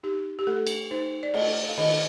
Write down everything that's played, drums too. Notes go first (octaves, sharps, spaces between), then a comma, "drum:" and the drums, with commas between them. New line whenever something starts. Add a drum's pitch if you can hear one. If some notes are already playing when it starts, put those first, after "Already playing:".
D#4 G4
G4
A3 A4
drum: cymbal
D#4 C5
D5
A3 D#5, drum: cymbal
F5
D#3 D#5, drum: cymbal